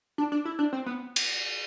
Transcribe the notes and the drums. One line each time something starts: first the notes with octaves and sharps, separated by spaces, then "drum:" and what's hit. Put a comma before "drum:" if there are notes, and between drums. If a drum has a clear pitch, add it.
D4
D4
E4
D4
C4
B3
drum: cymbal